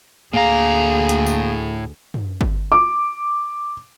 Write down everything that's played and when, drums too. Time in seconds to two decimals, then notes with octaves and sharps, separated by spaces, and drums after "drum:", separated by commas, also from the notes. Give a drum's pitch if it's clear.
0.33 D2 A2 A#3 G#4 F5 A#5
1.09 drum: hi-hat
1.26 drum: tambourine
2.14 drum: tom
2.41 drum: kick G1
2.72 D6